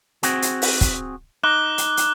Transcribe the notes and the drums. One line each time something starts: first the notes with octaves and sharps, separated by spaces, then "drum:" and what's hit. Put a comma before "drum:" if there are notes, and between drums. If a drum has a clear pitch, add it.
C4 F#4 G#4, drum: hi-hat
drum: hi-hat
drum: open hi-hat
drum: kick, hi-hat
D#4 D6 F#6 G7
drum: hi-hat
drum: hi-hat